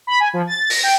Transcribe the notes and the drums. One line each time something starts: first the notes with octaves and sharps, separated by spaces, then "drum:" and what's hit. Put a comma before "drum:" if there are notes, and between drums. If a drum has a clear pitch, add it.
B5
G#5
F3
A6
A#6, drum: open hi-hat
G5